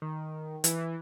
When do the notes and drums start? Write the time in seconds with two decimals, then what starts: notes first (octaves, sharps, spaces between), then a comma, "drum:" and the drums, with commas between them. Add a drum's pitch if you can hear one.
0.02 D#3
0.64 E3, drum: hi-hat